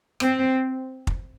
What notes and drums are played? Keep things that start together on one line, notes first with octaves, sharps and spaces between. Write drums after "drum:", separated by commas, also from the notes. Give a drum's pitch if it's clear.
C4, drum: rim click
drum: kick